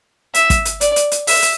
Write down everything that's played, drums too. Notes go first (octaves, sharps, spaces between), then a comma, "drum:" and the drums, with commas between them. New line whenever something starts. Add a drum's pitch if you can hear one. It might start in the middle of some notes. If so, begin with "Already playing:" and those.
E5, drum: hi-hat
drum: kick, hi-hat
drum: hi-hat
D5, drum: hi-hat
drum: hi-hat
drum: hi-hat
E5, drum: open hi-hat
drum: hi-hat